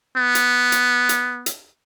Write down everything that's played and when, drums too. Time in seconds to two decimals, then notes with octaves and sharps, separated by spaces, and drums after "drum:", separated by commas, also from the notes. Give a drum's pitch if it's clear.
0.17 B3
0.35 drum: hi-hat
0.72 drum: hi-hat
1.09 drum: hi-hat
1.46 drum: hi-hat